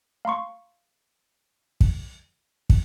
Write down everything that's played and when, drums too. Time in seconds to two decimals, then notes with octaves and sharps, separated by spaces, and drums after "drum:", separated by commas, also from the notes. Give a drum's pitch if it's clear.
0.25 F5 A#5 C6 C#6
1.81 drum: kick
2.70 drum: kick